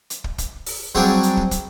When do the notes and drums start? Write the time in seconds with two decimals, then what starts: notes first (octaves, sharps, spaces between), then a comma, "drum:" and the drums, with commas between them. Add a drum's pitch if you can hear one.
0.10 drum: hi-hat
0.24 drum: kick
0.38 drum: kick, hi-hat
0.67 drum: open hi-hat
0.95 F#3 G3 C4 D4 F#4 G#4, drum: kick
1.23 drum: hi-hat
1.37 drum: kick
1.51 drum: kick, hi-hat